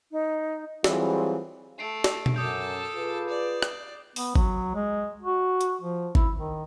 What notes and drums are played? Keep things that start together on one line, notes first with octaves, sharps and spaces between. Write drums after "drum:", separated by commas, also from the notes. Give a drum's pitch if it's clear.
D#4
E3 F#3 G3 C4 F4 G#4, drum: snare
A3 C7 D7
drum: snare
drum: tom B2
F#2 A4 A5 D6 D#6 G6
F4 G#4 B4
D5
drum: rim click
B3, drum: open hi-hat
F#3, drum: kick G#1
G#3
F#4
drum: hi-hat
F3
E4, drum: kick G#1
D#3